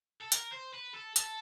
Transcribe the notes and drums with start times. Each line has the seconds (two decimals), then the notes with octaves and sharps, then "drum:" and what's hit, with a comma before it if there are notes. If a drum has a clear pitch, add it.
0.21 A4
0.32 A#4, drum: hi-hat
0.52 C5
0.73 B4
0.94 A4
1.16 A4, drum: hi-hat